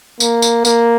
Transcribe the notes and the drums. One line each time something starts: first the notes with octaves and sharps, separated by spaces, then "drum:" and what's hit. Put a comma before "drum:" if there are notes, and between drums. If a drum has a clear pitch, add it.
A#3, drum: tambourine
drum: tambourine
A#3, drum: tambourine